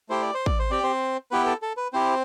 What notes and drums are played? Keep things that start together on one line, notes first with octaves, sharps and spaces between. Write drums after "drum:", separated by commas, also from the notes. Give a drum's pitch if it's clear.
A3 E4 G4 C5
D5
C5
D5, drum: kick
C5
C4 G4 D5
C4 C5
B3 E4 G4 B4
A4
A4
B4
C4 E4 G4 C5